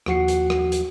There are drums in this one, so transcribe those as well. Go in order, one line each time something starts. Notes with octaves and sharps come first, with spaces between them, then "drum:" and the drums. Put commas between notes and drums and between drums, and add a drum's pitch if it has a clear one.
D#2 F3 F#4 F#5 C7 C#7, drum: rim click
drum: hi-hat
drum: rim click
drum: hi-hat